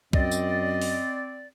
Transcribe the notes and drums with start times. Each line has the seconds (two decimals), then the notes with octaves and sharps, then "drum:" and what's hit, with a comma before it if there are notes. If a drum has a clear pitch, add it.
0.13 F#2 C4 D5 D#5, drum: kick C2
0.31 drum: tambourine
0.82 drum: open hi-hat